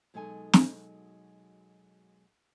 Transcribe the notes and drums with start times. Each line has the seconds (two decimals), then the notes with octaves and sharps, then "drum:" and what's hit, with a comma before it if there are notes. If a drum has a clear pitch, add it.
0.14 B2 F#3 G#3 D#4 A4 G#5
0.53 drum: snare